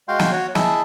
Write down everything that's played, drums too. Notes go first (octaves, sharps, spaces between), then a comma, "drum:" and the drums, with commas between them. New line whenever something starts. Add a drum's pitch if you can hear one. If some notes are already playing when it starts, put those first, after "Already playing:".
G#3 F#4 F5 G5 C6
drum: snare
F#4 C#5
E4 G#4 D#5 E5 A5, drum: snare